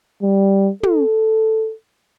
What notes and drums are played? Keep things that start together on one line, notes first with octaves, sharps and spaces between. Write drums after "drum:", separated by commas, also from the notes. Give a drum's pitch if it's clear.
G3
A4, drum: tom